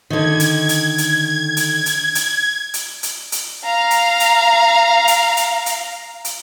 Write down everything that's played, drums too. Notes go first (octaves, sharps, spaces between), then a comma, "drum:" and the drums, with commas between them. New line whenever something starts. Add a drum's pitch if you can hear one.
D3 D#3 G#6
drum: hi-hat
drum: hi-hat
drum: hi-hat
drum: hi-hat
drum: hi-hat
drum: hi-hat
drum: hi-hat
drum: hi-hat
drum: hi-hat
F5 A#5
drum: hi-hat
drum: hi-hat
drum: hi-hat
drum: hi-hat
drum: hi-hat
drum: hi-hat